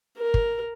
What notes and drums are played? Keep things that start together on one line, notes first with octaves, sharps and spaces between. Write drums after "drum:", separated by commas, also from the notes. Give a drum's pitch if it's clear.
A#4
drum: kick